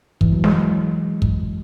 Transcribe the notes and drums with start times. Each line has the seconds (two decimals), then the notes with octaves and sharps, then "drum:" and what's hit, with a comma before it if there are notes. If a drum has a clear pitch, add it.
0.21 E3, drum: kick
0.32 F#3
0.44 G#3, drum: snare
1.22 drum: kick